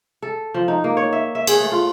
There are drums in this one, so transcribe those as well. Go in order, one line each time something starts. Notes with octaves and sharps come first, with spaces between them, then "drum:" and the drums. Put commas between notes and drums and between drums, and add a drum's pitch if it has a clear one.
A4
F3
D#4
A#3
C#5
E5
E5
G#4, drum: cymbal
A3
F4